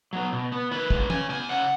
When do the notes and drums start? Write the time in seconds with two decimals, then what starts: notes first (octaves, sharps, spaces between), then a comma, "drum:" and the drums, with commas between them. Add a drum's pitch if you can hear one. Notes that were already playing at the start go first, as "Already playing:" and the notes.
0.13 F#3 B3
0.32 B2
0.52 B3
0.71 D#3 B4
0.90 G#3 B3, drum: kick
1.10 C#3 G#5, drum: tom E3
1.29 B3 G#5
1.49 C#3 F#5